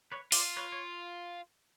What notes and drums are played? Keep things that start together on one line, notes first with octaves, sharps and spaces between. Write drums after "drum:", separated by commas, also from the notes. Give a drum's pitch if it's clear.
B4 C#5
F4 C5 D5, drum: open hi-hat
B4 C#5
C#5